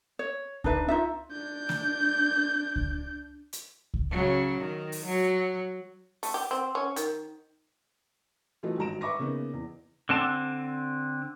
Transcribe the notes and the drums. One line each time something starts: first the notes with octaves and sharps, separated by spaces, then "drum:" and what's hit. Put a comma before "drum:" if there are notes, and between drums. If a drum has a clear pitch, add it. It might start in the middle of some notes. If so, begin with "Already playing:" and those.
C#5
D4 D#4 B4 E5, drum: kick C#2
D#4 F4 E5
D4 G6
drum: snare
drum: kick C#2
drum: hi-hat
drum: kick C#2
C#3 F#3
D#3
drum: open hi-hat
F#3
A3, drum: open hi-hat
G4
C4
C#4
D#3, drum: hi-hat
E3 F#3 A3 F4 D#5
G#1 G2 F#4 A#5 D7 E7
B4 E5 B5 C#6 D6 A#6
C#3 A#3 B3 D#4
E2
D3 C4 A5